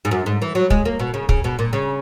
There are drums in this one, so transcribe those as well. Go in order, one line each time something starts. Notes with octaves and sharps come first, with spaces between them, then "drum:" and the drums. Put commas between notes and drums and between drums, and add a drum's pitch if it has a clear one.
G#2
F#2
G#2
E3
F#3
G#3, drum: kick
A#3
B2
C#3
C#3, drum: kick
B2
A#2
C#3